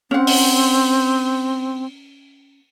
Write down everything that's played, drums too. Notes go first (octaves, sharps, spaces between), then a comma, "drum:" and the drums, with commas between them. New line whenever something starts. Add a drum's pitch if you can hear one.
C4 C#4 F#5
drum: open hi-hat